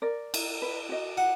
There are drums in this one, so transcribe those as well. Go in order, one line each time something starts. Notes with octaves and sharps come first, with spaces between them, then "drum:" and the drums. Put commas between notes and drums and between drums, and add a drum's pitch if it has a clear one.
A#4 D5
drum: cymbal
B4
F#4 D#5
F#5